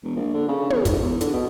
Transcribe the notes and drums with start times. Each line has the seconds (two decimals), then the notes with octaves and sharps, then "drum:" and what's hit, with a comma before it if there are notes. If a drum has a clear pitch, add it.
0.03 E1
0.16 A#1
0.34 D3
0.48 C#3
0.70 E2, drum: tom
0.85 G#2, drum: kick, hi-hat
1.01 E2
1.21 D3, drum: hi-hat
1.33 B2